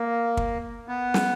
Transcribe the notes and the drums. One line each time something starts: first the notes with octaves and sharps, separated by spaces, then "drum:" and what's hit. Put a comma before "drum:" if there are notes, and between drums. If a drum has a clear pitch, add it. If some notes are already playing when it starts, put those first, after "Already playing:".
Already playing: A#3
drum: kick
B3
drum: snare